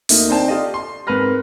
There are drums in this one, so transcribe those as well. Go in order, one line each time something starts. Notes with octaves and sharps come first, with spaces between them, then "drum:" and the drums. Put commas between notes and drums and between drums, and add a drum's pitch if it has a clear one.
D2 A3 A#3 D#4 E5, drum: open hi-hat
C4 D4 D#4 C5 G5 A5
F4 G4 A4 D5 D#5
C6
G#2 C4 A#4 B4 F6 A#6